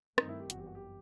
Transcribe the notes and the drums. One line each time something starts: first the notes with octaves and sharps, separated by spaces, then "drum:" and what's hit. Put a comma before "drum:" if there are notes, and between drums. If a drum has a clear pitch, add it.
G2 D#3 A3 C4 D#4, drum: rim click
E4
G4
G1 F#2 E3 F#4, drum: hi-hat
G4
F#4
G4